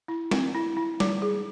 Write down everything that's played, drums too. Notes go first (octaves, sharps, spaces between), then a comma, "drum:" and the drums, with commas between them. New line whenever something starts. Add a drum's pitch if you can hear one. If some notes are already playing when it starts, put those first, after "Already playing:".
E4
C4, drum: snare
E4
E4
G3, drum: snare
G#4